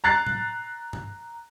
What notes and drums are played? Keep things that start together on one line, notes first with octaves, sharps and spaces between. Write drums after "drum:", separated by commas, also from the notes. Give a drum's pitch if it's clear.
A#5 F#6 A6 C7
drum: tom A2
drum: tom G2